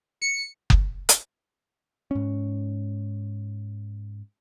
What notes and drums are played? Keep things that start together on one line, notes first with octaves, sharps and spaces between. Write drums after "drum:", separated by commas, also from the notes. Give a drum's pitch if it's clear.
C#7
drum: kick F#1
drum: hi-hat
G#2 C#4